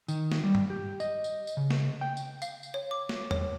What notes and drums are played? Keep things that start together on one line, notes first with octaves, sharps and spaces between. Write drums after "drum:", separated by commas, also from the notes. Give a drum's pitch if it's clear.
D#3, drum: tambourine
drum: snare
G3
drum: tom G2
G4
D#5, drum: tambourine
drum: tambourine
drum: tambourine
C#3
drum: snare
G5
drum: tambourine
F5, drum: tambourine
drum: tambourine
C#5
D6
drum: snare
C#5, drum: tom E2